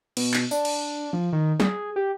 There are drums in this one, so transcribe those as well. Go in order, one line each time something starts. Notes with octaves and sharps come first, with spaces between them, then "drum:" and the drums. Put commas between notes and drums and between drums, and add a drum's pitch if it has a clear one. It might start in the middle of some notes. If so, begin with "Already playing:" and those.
B2, drum: cymbal
drum: clap
D4, drum: tambourine
drum: cymbal
F3
D#3
G#4, drum: snare
G4